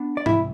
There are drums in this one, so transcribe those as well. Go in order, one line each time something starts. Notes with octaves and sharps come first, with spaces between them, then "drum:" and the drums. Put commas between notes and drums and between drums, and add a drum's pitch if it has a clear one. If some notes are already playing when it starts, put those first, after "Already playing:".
Already playing: B3 D4
D5
C2 E4 E5, drum: tom G#2